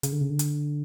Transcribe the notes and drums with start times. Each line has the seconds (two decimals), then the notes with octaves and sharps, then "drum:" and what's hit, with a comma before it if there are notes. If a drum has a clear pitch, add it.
0.03 C#3, drum: hi-hat
0.12 D3
0.21 C#3
0.30 D3
0.39 drum: hi-hat